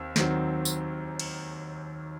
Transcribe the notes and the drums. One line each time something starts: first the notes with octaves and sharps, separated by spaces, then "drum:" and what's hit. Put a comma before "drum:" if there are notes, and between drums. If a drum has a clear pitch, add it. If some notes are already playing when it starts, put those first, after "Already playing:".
Already playing: D#2 D#3 C4
D#2 D#3 F#3 C4, drum: snare
drum: tambourine
drum: cymbal